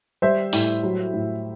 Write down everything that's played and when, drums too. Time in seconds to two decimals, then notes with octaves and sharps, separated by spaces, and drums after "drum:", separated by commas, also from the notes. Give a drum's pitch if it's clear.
0.22 G3 C5 E5
0.53 A2, drum: open hi-hat
0.83 F#3
1.14 A2